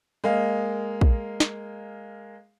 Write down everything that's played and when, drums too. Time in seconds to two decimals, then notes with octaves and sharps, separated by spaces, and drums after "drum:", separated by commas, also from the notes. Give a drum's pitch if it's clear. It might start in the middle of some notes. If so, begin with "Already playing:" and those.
0.24 G#3 A#3 F5
1.01 drum: kick
1.40 drum: snare